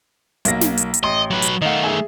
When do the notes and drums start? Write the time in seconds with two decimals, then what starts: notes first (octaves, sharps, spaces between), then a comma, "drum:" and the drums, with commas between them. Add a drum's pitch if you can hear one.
0.45 B1 A#3 A#6, drum: hi-hat
0.61 drum: snare
0.77 drum: hi-hat
0.94 drum: hi-hat
1.03 A1 D#5 C6
1.30 F#3 B4
1.42 drum: hi-hat
1.62 D#3 A3 D#5 F5 F#5
1.84 G#4 E5 G#5